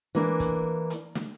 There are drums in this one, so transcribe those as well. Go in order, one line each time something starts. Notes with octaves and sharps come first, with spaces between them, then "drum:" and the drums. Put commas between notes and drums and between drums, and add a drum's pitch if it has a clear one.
E3 A#3 D4
drum: kick, hi-hat
drum: hi-hat
drum: snare